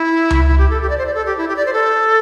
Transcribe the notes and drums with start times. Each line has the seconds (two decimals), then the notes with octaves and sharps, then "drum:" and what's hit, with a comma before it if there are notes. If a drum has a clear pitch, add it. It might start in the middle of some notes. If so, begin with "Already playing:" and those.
Already playing: E4
0.30 drum: tom C#2
0.48 E4
0.58 G4
0.70 A4
0.82 G4
0.89 D5
0.98 C5
1.07 D5
1.14 A4
1.26 G4
1.38 E4
1.48 G4
1.57 D5
1.66 C5
1.73 A4